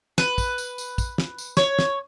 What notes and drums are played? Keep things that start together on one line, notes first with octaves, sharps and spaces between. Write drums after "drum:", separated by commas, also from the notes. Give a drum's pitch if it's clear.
B4, drum: snare
drum: kick, tambourine
drum: tambourine
drum: tambourine
drum: kick, tambourine
drum: snare
drum: tambourine
C#5, drum: snare
drum: snare